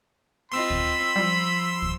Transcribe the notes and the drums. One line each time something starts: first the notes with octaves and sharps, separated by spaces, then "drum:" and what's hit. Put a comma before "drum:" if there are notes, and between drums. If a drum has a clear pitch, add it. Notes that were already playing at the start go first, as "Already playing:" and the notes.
C4 F4 D#5 B5 C6 E6
drum: kick
F3 G3
drum: kick